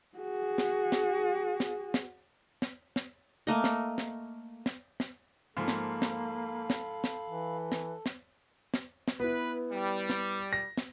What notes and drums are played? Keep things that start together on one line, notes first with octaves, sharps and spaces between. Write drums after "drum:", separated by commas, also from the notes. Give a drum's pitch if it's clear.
F#4 G#4
drum: snare
drum: snare
drum: snare
drum: snare
drum: snare
drum: snare
A3 A#3 D#5
drum: snare
drum: snare
drum: snare
drum: snare
G#2 F3 A#3 A4 F5 B5
drum: snare
drum: snare
drum: snare
drum: snare
E3
drum: snare
drum: snare
drum: snare
drum: snare
B3 E4 B4
G3
drum: snare
A#6
drum: snare